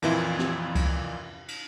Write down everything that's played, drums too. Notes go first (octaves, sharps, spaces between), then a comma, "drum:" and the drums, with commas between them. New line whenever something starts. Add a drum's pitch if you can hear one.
F2 A#2 E3 E4 F4 C6, drum: cymbal
drum: snare
drum: kick C#2, cymbal
drum: cymbal